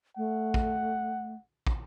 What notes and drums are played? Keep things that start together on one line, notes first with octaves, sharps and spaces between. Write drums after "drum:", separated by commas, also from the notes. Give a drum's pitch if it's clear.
A3 F#5
drum: kick
drum: kick